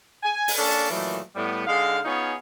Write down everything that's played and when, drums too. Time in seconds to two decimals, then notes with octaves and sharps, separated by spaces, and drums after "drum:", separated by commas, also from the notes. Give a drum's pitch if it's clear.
0.23 G#5
0.48 drum: open hi-hat
0.58 A#3 C#4 D4 A4 A5
0.90 A#2 D#3 E3 F#3 A3
1.36 A2 G3 B3
1.67 D3 G#3 D#4 F5
2.05 B3 C#4 D#4 F4 G#4 C#5